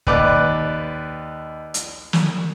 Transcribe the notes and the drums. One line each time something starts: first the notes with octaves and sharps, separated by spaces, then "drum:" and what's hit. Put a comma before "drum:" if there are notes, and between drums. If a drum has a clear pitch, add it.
D#2 B4 D5 D6 F#6, drum: kick
drum: hi-hat
drum: snare